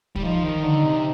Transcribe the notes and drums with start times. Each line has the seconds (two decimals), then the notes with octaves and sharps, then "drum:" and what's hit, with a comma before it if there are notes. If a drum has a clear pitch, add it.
0.16 G3, drum: kick
0.23 F3 D#4
0.44 D#3
0.63 D3
0.84 C3